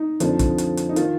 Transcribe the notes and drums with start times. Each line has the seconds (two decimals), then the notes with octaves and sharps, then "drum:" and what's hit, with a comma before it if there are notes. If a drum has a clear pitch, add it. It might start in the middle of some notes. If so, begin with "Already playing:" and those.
Already playing: D#4
0.20 F2 D3 F3, drum: hi-hat
0.39 drum: kick, hi-hat
0.58 drum: hi-hat
0.77 drum: hi-hat
0.89 D#4
0.96 D#3 F4, drum: hi-hat